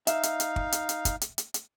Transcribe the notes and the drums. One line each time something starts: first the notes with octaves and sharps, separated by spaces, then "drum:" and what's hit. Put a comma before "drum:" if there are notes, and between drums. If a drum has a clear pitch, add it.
D#4 E5 F5, drum: hi-hat
drum: hi-hat
drum: hi-hat
drum: kick
drum: hi-hat
drum: hi-hat
drum: kick, hi-hat
drum: hi-hat
drum: hi-hat
drum: hi-hat